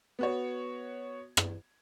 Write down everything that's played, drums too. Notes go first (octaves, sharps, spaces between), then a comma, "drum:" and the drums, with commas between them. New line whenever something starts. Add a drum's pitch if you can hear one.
B3 F#4 C#5
drum: rim click